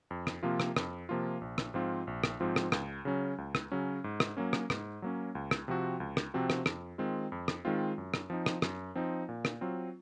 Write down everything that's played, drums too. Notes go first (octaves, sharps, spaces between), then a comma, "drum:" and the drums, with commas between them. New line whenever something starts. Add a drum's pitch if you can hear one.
F2
drum: rim click
C3 F3 A#3 F4
drum: rim click
F2, drum: rim click
C3 F3 A#3 F4
A#1
drum: rim click
G#2 F3 C4 F4
A#1
drum: rim click
G#2 F3 C4 F4
drum: rim click
C#2, drum: rim click
C#3 F#3 C#4
C#2
drum: rim click
C#3 F#3 C#4
G#2
drum: rim click
F#3 A#3 C#4
drum: rim click
G#2, drum: rim click
F#3 A#3 C#4
C#2
drum: rim click
C3 F3 C4 F#4
C#2
drum: rim click
C3 F3 C4 F#4
drum: rim click
F2, drum: rim click
D#3 G#3 C4 F4
F2
drum: rim click
D#3 G#3 C4 F4
F#2
drum: rim click
F3 C4 D#4
drum: rim click
F#2, drum: rim click
F3 C4 D#4
A#2
drum: rim click
F#3 C4 F4